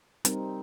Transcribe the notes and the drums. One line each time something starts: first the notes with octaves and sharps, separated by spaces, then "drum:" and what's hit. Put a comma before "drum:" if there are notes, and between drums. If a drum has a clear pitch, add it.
G3 C4 D#4 A#4, drum: hi-hat